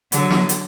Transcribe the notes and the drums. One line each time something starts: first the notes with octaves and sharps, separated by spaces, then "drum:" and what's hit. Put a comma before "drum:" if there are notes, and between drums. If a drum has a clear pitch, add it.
D3 F#3, drum: hi-hat
drum: snare
drum: hi-hat